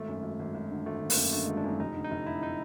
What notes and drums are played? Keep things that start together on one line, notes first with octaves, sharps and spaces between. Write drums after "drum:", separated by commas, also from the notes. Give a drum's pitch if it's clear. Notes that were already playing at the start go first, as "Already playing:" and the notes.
Already playing: G#1 A3
F#2
G#1
G#1
G#1
D3
G#1 A3
D3
A#3, drum: open hi-hat
F#2
D3 A3
G#1 G#3
D4
F#2 D#4
F1 D#4
D3
D#4
F1
D3 E4
D#4